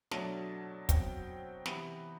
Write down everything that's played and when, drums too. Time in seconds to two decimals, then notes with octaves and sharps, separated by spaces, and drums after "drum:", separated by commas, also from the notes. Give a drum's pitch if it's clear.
0.11 B2 F#3 A3 D4 A5, drum: snare
0.89 B2 F#3 C4 G5, drum: kick, hi-hat
1.66 C3 E3 B3 B5, drum: snare